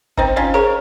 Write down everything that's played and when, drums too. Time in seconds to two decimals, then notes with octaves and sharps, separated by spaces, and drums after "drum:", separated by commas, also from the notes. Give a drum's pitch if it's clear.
0.17 C4 D#4 C5, drum: kick G1
0.36 C#4 F4 C5
0.54 G#4 A#4 C#5